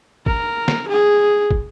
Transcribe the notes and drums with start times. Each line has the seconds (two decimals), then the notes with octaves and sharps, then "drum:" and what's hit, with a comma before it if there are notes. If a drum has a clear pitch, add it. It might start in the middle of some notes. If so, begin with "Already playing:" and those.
0.26 A#4, drum: kick
0.68 drum: snare
0.88 G#4
1.51 drum: kick